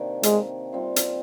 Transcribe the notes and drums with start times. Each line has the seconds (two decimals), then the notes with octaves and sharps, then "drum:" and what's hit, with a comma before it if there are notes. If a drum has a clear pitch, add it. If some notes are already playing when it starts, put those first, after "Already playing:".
Already playing: C3 D#3 A#3 D4
0.23 G#3, drum: hi-hat
0.72 C3 G3 C4 F4
0.96 drum: hi-hat